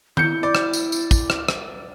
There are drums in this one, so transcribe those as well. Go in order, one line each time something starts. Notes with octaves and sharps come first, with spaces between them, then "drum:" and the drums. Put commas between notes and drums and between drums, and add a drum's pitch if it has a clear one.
E4 G6 C#7, drum: tom D#3
D5
drum: rim click
drum: tambourine
drum: tambourine
drum: kick, tambourine
drum: rim click
drum: rim click